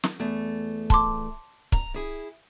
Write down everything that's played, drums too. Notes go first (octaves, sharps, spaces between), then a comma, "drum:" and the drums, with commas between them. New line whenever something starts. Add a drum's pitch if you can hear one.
drum: snare
E2 A3
A5 C6 D6, drum: kick
A#5, drum: kick
E4 G#4